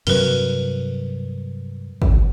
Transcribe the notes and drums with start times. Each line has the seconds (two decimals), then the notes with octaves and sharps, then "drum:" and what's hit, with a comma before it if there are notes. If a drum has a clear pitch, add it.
0.07 G2 C3 F#3 A#4 B4, drum: cymbal
2.02 drum: kick